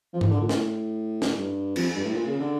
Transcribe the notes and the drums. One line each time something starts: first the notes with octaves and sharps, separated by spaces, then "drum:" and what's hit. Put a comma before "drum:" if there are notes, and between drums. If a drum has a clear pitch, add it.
F3
E3, drum: tom G#2
D3
A#2
A2, drum: snare
drum: snare
G2
F2, drum: cymbal
G2
A2
A#2
C#3
D3